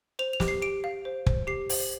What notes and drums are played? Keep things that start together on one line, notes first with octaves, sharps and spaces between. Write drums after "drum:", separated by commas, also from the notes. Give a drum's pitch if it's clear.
C5 F7
F7
G4, drum: snare
C7
G4 D7
F5
C5
C5, drum: kick
G4 C7
C5, drum: open hi-hat